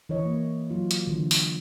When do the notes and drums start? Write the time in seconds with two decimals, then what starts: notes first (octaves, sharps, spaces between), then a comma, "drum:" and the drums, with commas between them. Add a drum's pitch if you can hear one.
0.09 E3 B4 C#5 D#5
0.25 A#3
0.71 F#3 F4
0.91 drum: hi-hat
1.07 D3 E3
1.31 drum: open hi-hat